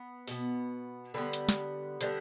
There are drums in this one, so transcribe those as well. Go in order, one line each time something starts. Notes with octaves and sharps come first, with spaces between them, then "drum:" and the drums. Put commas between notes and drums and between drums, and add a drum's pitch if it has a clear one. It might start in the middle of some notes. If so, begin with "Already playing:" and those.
Already playing: B3
B2 B3, drum: open hi-hat
D3 G3 B3 B4
drum: hi-hat
drum: snare
D3 G3 B3, drum: hi-hat